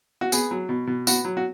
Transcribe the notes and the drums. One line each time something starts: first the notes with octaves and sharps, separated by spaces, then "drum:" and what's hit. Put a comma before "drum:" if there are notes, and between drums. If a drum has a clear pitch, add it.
F#4
B3 G#4, drum: tambourine
F#3
B2
B2
B3 F#4, drum: tambourine
F#3
F#4